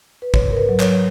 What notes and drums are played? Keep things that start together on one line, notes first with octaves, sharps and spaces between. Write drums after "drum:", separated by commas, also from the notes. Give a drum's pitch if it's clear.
B4
G#2 C#5, drum: kick
A#4
B4
F#3
C#5, drum: clap